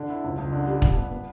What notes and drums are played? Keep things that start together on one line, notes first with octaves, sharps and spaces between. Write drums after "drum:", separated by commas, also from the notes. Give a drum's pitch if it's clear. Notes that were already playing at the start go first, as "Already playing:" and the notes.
Already playing: D3
E4
C#2
C#2
D3
G3
G2, drum: kick
B3
B3